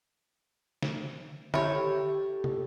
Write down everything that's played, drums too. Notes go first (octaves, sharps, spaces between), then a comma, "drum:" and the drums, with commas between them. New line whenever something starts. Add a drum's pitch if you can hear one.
drum: snare
E4 G4 A4 C#5, drum: tom D3
drum: tom